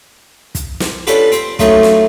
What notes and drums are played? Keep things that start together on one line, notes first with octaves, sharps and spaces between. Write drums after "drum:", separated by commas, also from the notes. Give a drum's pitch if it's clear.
drum: kick, hi-hat
drum: snare
C#4 D4 F4 G4 A4 B4, drum: hi-hat
C4, drum: hi-hat
F#3 A3 C#4 D#4 F4, drum: kick, hi-hat
drum: snare